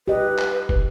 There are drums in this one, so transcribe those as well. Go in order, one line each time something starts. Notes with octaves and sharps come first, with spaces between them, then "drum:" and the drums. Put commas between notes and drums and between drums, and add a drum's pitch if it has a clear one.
G4 B4 D#5
drum: clap
drum: kick